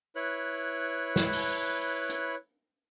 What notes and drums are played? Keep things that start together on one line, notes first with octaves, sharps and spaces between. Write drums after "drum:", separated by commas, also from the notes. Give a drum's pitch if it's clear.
E4 B4 C#5 F#6
drum: snare
drum: open hi-hat
drum: hi-hat